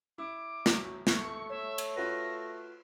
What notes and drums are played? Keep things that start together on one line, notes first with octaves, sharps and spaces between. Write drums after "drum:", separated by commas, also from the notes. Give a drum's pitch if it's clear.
E4 D6
F#3, drum: snare
A3 C#6, drum: snare
C#5 E5
drum: cymbal
F4 F#4 B4 A#6